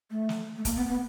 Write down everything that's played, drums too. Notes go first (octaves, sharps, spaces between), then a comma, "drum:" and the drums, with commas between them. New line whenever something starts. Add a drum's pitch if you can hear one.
A3
drum: snare
A3
A#3, drum: kick, hi-hat
B3
B3